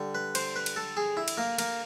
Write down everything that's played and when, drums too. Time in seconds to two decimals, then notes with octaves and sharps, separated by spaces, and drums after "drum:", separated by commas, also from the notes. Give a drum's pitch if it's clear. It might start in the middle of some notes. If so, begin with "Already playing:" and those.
Already playing: D3 G3
0.15 B4
0.35 C5, drum: cymbal
0.56 B4
0.66 drum: cymbal
0.76 A4
0.97 G#4
1.17 E4
1.28 drum: cymbal
1.38 A#3
1.58 A#3, drum: cymbal